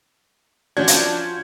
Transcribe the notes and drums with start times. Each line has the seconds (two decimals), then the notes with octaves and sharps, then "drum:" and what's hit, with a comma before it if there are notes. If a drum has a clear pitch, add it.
0.77 F3 C#4 D4 F4 F#4 G6 G#6
0.88 drum: hi-hat